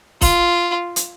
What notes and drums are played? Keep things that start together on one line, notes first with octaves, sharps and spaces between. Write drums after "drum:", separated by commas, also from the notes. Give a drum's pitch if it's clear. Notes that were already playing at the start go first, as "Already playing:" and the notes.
F4, drum: kick, open hi-hat
drum: hi-hat